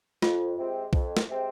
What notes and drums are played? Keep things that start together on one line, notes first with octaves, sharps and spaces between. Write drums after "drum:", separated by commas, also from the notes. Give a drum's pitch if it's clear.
F2 F4, drum: snare
C3 G#3 C4
F2, drum: kick B1
drum: snare
C3 G#3 C4